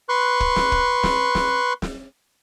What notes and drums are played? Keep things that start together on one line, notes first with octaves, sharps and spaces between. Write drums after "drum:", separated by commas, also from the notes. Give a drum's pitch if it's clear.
B4 C6 C#6 F#6
drum: kick
drum: snare
drum: kick
drum: snare
drum: snare
drum: snare